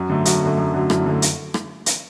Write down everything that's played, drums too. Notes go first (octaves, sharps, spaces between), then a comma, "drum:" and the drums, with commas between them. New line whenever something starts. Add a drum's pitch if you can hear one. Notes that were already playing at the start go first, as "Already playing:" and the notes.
Already playing: F#2 F#4
D3 F#3 A3
F#2 F#4, drum: hi-hat
D3 F#3 A3
F#2
D3 F#3 A3
F#2 E4, drum: rim click
D3 F#3 A3
drum: hi-hat
drum: rim click
drum: hi-hat